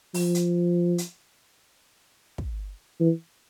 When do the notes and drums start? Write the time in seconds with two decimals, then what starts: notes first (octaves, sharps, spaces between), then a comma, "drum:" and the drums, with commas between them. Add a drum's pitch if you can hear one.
0.14 F3, drum: open hi-hat
0.35 drum: hi-hat
0.98 drum: hi-hat
2.38 drum: kick
3.00 E3